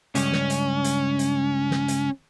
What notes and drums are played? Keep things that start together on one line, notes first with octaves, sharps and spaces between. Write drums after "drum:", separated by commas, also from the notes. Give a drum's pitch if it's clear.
C#2 G2 C#4, drum: hi-hat
drum: snare
drum: hi-hat
drum: hi-hat
drum: hi-hat
drum: snare
drum: hi-hat